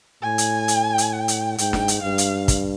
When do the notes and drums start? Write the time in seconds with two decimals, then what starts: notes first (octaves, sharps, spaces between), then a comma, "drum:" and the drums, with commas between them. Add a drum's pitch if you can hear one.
0.22 A2 G#5
0.38 drum: hi-hat
0.68 drum: hi-hat
0.98 drum: hi-hat
1.13 G5
1.28 drum: hi-hat
1.58 G#2 G5, drum: hi-hat
1.73 drum: snare
1.88 drum: hi-hat
2.02 G2 F5
2.18 drum: hi-hat
2.48 drum: kick, hi-hat